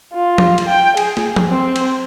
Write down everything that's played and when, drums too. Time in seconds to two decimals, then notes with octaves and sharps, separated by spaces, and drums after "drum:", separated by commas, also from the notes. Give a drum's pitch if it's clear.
0.13 F4
0.38 drum: tom F3
0.58 drum: cymbal
0.69 G5
0.97 G#4, drum: cymbal
1.17 drum: snare
1.36 drum: tom F3
1.49 C4
1.76 drum: cymbal